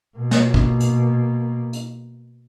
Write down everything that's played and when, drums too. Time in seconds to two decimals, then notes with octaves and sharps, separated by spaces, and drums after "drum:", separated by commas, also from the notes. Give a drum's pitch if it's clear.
0.16 B2 A#3
0.31 drum: snare
0.54 drum: kick
0.80 drum: hi-hat
1.73 drum: hi-hat